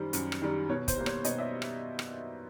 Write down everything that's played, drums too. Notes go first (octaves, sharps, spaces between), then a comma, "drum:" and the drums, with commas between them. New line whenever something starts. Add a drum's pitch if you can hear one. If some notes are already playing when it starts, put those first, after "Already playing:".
Already playing: F#2 D#3 G3 C5
F#2, drum: hi-hat
drum: rim click
D#3 G3
B2 C#5
C5, drum: kick, hi-hat
G3 A#3
C#5, drum: rim click
B2 C#5 D#5, drum: hi-hat
D5 E5
drum: rim click
drum: rim click